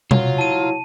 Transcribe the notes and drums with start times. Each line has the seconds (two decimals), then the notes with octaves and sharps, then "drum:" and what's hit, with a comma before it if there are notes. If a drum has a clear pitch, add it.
0.11 F#3 F4, drum: tom B2
0.38 E4 A5 A#5 D#7